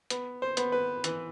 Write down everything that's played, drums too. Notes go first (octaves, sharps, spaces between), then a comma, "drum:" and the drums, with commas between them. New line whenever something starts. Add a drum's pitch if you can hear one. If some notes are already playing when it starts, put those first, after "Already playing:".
B3, drum: hi-hat
C5
B3, drum: hi-hat
B4
E3, drum: hi-hat